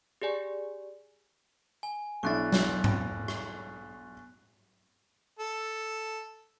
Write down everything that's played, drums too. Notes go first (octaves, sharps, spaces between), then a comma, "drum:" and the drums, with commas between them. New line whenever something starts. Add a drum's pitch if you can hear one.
G4 G#4 D5 G#5
G#5
B1 D4 E4 C#6 F#6 A6
drum: snare
drum: tom G#2
drum: rim click
A4